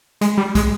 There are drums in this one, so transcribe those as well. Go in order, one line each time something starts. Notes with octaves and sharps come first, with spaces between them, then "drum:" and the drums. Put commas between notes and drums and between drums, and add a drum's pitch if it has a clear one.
G#3, drum: hi-hat
G3
G#3, drum: kick, hi-hat